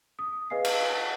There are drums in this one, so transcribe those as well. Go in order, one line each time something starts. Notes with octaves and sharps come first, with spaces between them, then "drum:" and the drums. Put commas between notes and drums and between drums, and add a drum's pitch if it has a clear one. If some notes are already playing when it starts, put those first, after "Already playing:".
D#6
G#4 B4 D#5 F5 G#5 C7
drum: cymbal